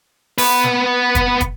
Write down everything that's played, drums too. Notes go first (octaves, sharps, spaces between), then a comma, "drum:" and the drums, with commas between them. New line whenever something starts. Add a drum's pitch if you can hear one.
B3 B4, drum: open hi-hat
drum: snare
drum: kick, hi-hat
drum: kick, hi-hat